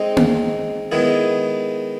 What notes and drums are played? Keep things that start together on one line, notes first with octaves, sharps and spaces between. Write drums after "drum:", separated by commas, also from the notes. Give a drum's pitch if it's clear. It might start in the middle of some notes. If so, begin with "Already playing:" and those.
Already playing: G#3 C4 D#4
drum: tom A#3
D#3 G#3 B3 E4 G#4